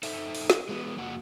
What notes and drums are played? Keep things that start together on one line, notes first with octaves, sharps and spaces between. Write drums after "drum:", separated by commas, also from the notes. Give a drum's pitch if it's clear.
D#4 A4 C5 E5, drum: open hi-hat
drum: open hi-hat
drum: snare
G#3 B3
F2 A#3 F#4 F#5